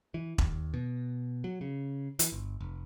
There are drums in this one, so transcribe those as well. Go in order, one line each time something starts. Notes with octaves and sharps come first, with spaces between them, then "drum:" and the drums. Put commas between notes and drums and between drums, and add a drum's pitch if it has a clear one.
E3
D#2, drum: kick E1
B2
F#3
C#3
E3, drum: hi-hat
G1
F1